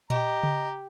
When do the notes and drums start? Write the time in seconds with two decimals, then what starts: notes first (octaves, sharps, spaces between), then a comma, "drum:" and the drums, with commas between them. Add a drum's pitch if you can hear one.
0.10 G4 D#5 A#5, drum: tom A#2
0.43 drum: tom C#3